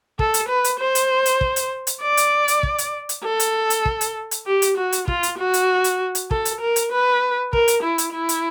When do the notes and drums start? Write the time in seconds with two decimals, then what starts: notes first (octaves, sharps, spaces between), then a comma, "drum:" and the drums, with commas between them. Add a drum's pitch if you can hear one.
0.19 A4, drum: kick
0.34 drum: hi-hat
0.49 B4
0.64 drum: hi-hat
0.80 C5
0.95 drum: hi-hat
1.26 drum: hi-hat
1.41 drum: kick
1.56 drum: hi-hat
1.87 drum: hi-hat
2.02 D5
2.17 drum: hi-hat
2.48 drum: hi-hat
2.63 drum: kick
2.78 drum: hi-hat
3.09 drum: hi-hat
3.24 A4
3.40 drum: hi-hat
3.70 drum: hi-hat
3.85 drum: kick
4.01 drum: hi-hat
4.31 drum: hi-hat
4.46 G4
4.62 drum: hi-hat
4.77 F#4
4.92 drum: hi-hat
5.08 F4, drum: kick
5.23 drum: hi-hat
5.38 F#4
5.54 drum: hi-hat
5.84 drum: hi-hat
6.15 drum: hi-hat
6.31 A4, drum: kick
6.45 drum: hi-hat
6.61 A#4
6.76 drum: hi-hat
6.92 B4
7.53 A#4, drum: kick
7.68 drum: hi-hat
7.83 E4
7.98 drum: hi-hat
8.13 E4
8.29 drum: hi-hat